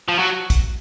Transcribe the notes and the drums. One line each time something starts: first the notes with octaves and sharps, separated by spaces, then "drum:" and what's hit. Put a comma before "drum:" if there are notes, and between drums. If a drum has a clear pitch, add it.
F3
F#3
drum: kick, hi-hat